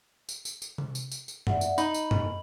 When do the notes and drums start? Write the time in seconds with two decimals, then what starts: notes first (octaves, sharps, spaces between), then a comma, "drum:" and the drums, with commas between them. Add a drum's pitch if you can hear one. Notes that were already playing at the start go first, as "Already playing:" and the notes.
0.29 drum: tambourine
0.45 drum: tambourine
0.62 drum: tambourine
0.78 drum: tom C3
0.95 drum: tambourine
1.12 drum: tambourine
1.28 drum: tambourine
1.47 D5 E5 F#5, drum: tom F#2
1.61 drum: tambourine
1.78 D#4 D#5 B5, drum: tambourine
1.94 drum: tambourine
2.11 drum: tom F#2